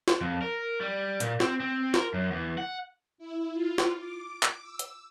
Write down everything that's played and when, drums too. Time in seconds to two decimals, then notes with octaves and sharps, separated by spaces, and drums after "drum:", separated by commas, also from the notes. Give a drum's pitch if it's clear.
0.08 drum: snare
0.21 F2
0.42 A#4
0.80 G3
1.20 A#2, drum: hi-hat
1.40 C4, drum: snare
1.60 C4
1.94 A#4, drum: snare
2.14 F#2
2.31 E2
2.58 F#5
3.18 E4
3.53 F4
3.78 drum: snare
3.98 D6
4.43 drum: clap
4.61 E6
4.79 drum: hi-hat